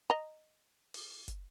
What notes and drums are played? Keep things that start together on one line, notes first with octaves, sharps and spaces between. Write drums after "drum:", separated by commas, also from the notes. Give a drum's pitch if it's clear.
D#5 A#5
drum: open hi-hat
drum: kick, hi-hat